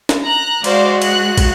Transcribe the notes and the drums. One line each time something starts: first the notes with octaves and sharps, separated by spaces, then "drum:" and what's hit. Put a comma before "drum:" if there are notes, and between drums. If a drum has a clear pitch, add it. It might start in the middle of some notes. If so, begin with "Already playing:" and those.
drum: snare
A#5 F#6
G#3 F#4 C5 D5 F5, drum: cymbal
F#6, drum: cymbal
drum: kick, cymbal